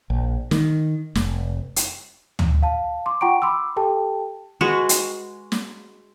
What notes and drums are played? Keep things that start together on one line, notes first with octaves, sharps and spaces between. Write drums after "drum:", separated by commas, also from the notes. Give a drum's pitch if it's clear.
A#1
D#3, drum: snare
F1, drum: snare
drum: hi-hat
drum: tom
F5 A5
C6 D6
F4 F#5 G5 A#5 C#6 D7
B5 C6 D6 E6
G4 A4 G5 A5
G#3 F#4 B4
drum: hi-hat
drum: snare